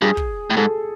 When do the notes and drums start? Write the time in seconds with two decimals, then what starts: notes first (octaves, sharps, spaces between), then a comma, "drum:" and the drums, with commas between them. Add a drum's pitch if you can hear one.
0.02 G2 G#4
0.17 drum: kick
0.50 A2
0.57 G#2 A4